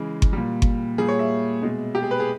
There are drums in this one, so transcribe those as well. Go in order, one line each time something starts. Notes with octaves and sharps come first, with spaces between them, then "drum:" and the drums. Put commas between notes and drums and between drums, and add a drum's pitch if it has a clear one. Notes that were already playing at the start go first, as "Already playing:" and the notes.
Already playing: C#3 E3 G#3
drum: kick G1
A#2 G3
drum: kick G1
A#2 G3 G#4
C#5
E5
B2 G#3
G4
G#4
B4
G#4